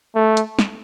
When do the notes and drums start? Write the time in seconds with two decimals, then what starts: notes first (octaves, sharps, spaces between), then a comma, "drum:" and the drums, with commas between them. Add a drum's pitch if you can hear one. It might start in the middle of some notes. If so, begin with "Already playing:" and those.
0.15 A3
0.37 drum: hi-hat
0.59 drum: snare